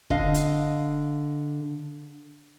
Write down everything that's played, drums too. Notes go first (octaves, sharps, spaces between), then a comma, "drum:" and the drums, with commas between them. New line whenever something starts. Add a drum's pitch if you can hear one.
D3 D#5 F5, drum: kick
drum: hi-hat